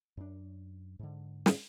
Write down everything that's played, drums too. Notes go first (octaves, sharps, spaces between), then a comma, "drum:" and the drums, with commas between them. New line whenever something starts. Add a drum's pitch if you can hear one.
F#2 D4
G#2 D3
drum: snare